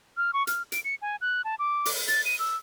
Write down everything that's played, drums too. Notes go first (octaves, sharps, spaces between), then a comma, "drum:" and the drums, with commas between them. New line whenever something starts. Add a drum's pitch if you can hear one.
F6
C#6
F6, drum: hi-hat
D7, drum: hi-hat
C#7
G#5
F#6
A5
D6
drum: open hi-hat
A6, drum: hi-hat
D#7
E6